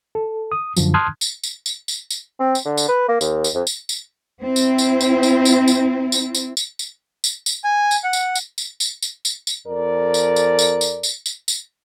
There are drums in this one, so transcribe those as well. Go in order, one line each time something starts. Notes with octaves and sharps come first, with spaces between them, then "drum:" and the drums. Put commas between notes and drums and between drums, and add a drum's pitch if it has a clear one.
A4
D#6
F#2 D3 F3 F#3, drum: tambourine
A5 C6 D#6 F6 F#6 G#6
drum: tambourine
drum: tambourine
drum: tambourine
drum: tambourine
drum: tambourine
C4
drum: tambourine
D3
drum: tambourine
B4
A#3
D#2, drum: tambourine
drum: tambourine
F2
drum: tambourine
drum: tambourine
C4 E4
drum: tambourine
drum: tambourine
drum: tambourine
drum: tambourine
drum: tambourine
drum: tambourine
drum: tambourine
drum: tambourine
drum: tambourine
drum: tambourine
drum: tambourine
drum: tambourine
G#5
drum: tambourine
F#5
drum: tambourine
drum: tambourine
drum: tambourine
drum: tambourine
drum: tambourine
drum: tambourine
drum: tambourine
F2 A4 A#4 D5
drum: tambourine
drum: tambourine
drum: tambourine
drum: tambourine
drum: tambourine
drum: tambourine
drum: tambourine